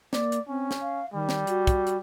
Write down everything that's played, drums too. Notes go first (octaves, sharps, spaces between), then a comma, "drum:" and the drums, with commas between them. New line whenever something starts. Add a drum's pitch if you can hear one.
A#3 D5, drum: snare
drum: hi-hat
C4 C#4
drum: snare
F5
D#3 G3
drum: snare
F#4, drum: hi-hat
drum: kick, hi-hat
drum: hi-hat